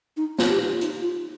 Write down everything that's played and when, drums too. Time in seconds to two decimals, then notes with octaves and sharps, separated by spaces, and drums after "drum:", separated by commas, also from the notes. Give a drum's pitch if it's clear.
0.17 D#4
0.39 F4, drum: snare
0.49 G4
0.61 F4
0.81 D#4, drum: hi-hat
1.03 F4